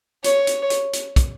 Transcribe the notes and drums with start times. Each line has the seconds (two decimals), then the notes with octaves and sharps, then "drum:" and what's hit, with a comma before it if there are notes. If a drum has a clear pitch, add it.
0.24 C#5, drum: hi-hat
0.47 drum: hi-hat
0.70 drum: hi-hat
0.93 drum: hi-hat
1.16 drum: kick, hi-hat